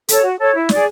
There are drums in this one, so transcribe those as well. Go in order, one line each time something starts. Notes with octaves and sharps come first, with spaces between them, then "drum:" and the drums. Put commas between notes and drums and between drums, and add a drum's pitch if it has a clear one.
A4 C#5, drum: hi-hat
F#4
A4 C#5
E4
G#4 D5, drum: snare